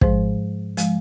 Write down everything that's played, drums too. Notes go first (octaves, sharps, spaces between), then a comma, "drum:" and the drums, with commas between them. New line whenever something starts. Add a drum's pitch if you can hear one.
G#2 F3 G#3 C5, drum: kick
F3 G#3, drum: hi-hat